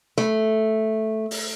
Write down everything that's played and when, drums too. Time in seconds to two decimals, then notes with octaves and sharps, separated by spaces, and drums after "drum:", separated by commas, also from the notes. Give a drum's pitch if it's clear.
0.18 A3, drum: snare
1.31 drum: open hi-hat